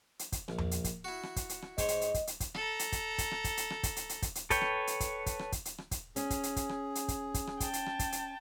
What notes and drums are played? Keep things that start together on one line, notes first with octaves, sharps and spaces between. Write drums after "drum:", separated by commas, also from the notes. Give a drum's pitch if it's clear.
drum: hi-hat
drum: kick, hi-hat
A#1, drum: rim click
drum: tom E2
drum: hi-hat
drum: kick, hi-hat
E4 F#4
drum: rim click
drum: kick, hi-hat
drum: hi-hat
drum: rim click
G#2 C5 C#5 D#5, drum: kick, hi-hat
drum: hi-hat
drum: hi-hat
drum: kick, hi-hat
drum: hi-hat
drum: kick, hi-hat
A4 A#5, drum: rim click
drum: hi-hat
drum: kick, hi-hat
drum: kick, hi-hat
drum: rim click
drum: kick, hi-hat
drum: hi-hat
drum: rim click
drum: kick, hi-hat
drum: hi-hat
drum: hi-hat
drum: kick, hi-hat
drum: hi-hat
A4 B4 C#5 G5, drum: kick, hi-hat
drum: rim click
drum: hi-hat
drum: kick, hi-hat
drum: kick, hi-hat
drum: rim click
drum: kick, hi-hat
drum: hi-hat
drum: rim click
drum: kick, hi-hat
C#4 G#4, drum: hi-hat
drum: kick, hi-hat
drum: hi-hat
drum: kick, hi-hat
drum: rim click
drum: hi-hat
drum: kick, hi-hat
drum: kick, hi-hat
drum: rim click
G5 A5, drum: kick, hi-hat
drum: hi-hat
drum: rim click
drum: kick, hi-hat
drum: hi-hat